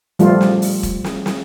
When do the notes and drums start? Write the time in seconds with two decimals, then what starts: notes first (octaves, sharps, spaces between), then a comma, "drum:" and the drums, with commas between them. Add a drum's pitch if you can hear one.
0.19 F3 G3 A3 F4, drum: hi-hat
0.41 drum: snare
0.62 drum: open hi-hat
0.83 drum: kick E1, hi-hat
1.04 drum: snare
1.26 drum: snare